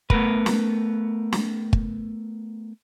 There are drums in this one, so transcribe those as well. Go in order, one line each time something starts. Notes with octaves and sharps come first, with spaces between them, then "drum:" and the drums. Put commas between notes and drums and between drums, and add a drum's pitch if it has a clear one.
A3 B3 A#4 B4, drum: kick
drum: snare
drum: snare
drum: kick